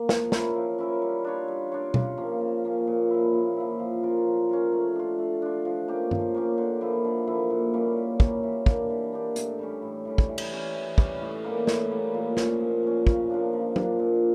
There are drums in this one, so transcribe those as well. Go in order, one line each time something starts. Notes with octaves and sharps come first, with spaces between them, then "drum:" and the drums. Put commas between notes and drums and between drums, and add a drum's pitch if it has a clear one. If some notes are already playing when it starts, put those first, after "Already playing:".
Already playing: A#3
F3, drum: snare
C#4 E4 A#4, drum: snare
F3
C#4 E4 A#4
G3
D4 F4 C#5
G3
D4 F4 C#5
C#3, drum: tom B2
F3 A#3 C#4
C#3
F3 A#3 C#4
A#2
F3 A#3 E4
A#2
F3 A#3 E4
F3
C#4 F4 A#4
F3
C#4 F4 A#4
A3
D4 F4
A3
D4 F4
F3
A#3 C#4 G4
F3, drum: tom G2
A#3 C#4 G4
D3
F3 A#3 E4
D3
F3 A#3 E4
A#2
G3 A#3 C#4
A#2
G3 A#3 C#4, drum: kick
E3
A#3 D4 G4, drum: kick
E3
A#3 D4 G4
A2, drum: hi-hat
E3 G3 C#4
A2
E3 G3 C#4
drum: kick
E3
drum: cymbal
G3 C#4
E3
G3 C#4, drum: kick
A2
E3 G3 A#3
A2, drum: snare
E3 G3 A#3
A#2
F3 C#4, drum: snare
A#2
F3 C#4
C#3, drum: kick
F3 A#3 D4
C#3
F3 A#3 D4, drum: tom
A#2